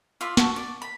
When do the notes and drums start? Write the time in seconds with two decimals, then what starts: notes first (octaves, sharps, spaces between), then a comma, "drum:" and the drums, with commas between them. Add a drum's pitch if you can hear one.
0.21 F4 D5 E5 C6
0.37 F#4 A4, drum: snare
0.56 D5
0.82 B5